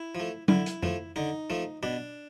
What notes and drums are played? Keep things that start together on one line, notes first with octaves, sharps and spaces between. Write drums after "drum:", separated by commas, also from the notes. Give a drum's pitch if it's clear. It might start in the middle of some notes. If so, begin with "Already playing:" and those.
Already playing: E4
F3
A3
D3 E4, drum: tom F#3
drum: hi-hat
F3 A3, drum: tom F2
D3 D#4
F3 A3
B2 D4